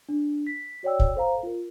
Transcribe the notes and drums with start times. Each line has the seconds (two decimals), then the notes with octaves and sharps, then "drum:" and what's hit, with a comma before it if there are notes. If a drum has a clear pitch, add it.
0.09 D4
0.47 B6
0.83 F#4 C#5 D5 G5 E6
0.99 drum: kick
1.15 A4 C5 F5 A#5
1.43 F4 A#4